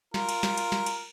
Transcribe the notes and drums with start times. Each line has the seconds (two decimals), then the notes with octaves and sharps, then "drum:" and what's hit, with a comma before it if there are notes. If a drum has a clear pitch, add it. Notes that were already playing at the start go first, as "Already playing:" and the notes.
0.14 F4 A#4, drum: snare
0.29 drum: cymbal
0.43 drum: snare
0.58 drum: cymbal
0.72 drum: snare
0.86 drum: cymbal